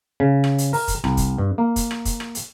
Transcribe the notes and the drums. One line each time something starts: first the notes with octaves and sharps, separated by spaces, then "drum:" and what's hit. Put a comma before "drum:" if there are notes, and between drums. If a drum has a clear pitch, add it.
C#3
drum: rim click
drum: hi-hat
A#4, drum: open hi-hat
drum: kick, hi-hat
C2, drum: rim click
drum: kick, hi-hat
G2
A#3
drum: kick, hi-hat
drum: rim click
drum: kick, hi-hat
drum: rim click
drum: hi-hat